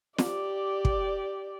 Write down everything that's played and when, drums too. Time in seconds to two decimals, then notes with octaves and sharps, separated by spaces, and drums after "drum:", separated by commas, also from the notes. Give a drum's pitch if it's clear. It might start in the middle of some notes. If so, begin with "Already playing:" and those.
0.18 G4 D5, drum: snare
0.85 drum: kick